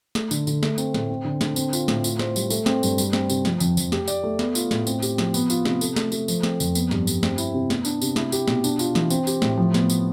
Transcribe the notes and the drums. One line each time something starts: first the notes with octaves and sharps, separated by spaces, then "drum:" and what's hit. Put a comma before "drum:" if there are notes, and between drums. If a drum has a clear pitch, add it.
A3, drum: snare
D3, drum: tambourine
D3, drum: tambourine
A3, drum: snare
C4, drum: tambourine
A2, drum: snare
C4
D3
D3, drum: snare
C4, drum: tambourine
F4, drum: tambourine
A2, drum: snare
F4, drum: tambourine
C5, drum: snare
G3, drum: tambourine
A3, drum: tambourine
C4, drum: snare
G2, drum: tambourine
G3, drum: tambourine
C4, drum: snare
C3, drum: tambourine
F3, drum: snare
F2, drum: tambourine
F2, drum: tambourine
G4, drum: snare
D5, drum: tambourine
A3
B3, drum: snare
F4, drum: tambourine
A2, drum: snare
C4, drum: tambourine
G4, drum: tambourine
F3, drum: snare
B3, drum: tambourine
F4, drum: tambourine
C3, drum: snare
A4, drum: tambourine
A3, drum: snare
A3, drum: tambourine
F3, drum: tambourine
C4, drum: snare
F2, drum: tambourine
B3, drum: tambourine
G2, drum: snare
G2, drum: tambourine
C4, drum: snare
E4, drum: tambourine
C3
B3, drum: snare
D4, drum: tambourine
C3, drum: tambourine
E4, drum: snare
G4, drum: tambourine
B2, drum: snare
D4, drum: tambourine
F4, drum: tambourine
E3, drum: snare
C4, drum: tambourine
G4, drum: tambourine
A2, drum: snare
F3
B3, drum: snare
drum: tambourine